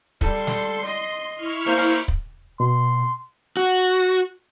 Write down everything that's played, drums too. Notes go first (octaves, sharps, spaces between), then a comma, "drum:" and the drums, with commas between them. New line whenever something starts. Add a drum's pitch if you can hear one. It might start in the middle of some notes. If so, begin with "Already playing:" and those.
G3 A4 C6, drum: kick
drum: snare
D#5, drum: hi-hat
E4 C#6 F6
A#3 C5
drum: open hi-hat
drum: kick
B2 C6
F#4